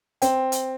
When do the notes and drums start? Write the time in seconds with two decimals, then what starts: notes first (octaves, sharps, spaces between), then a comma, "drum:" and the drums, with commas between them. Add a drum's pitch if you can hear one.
0.22 C4 G5, drum: hi-hat
0.52 drum: hi-hat